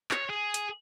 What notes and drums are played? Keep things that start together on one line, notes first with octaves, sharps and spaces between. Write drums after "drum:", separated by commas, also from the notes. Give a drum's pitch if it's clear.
C#5, drum: clap
G#4
drum: hi-hat